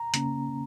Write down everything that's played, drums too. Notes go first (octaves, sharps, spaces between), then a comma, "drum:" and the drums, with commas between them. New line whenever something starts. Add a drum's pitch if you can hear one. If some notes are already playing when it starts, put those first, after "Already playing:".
Already playing: A#5
C#3 A#3 C#4, drum: hi-hat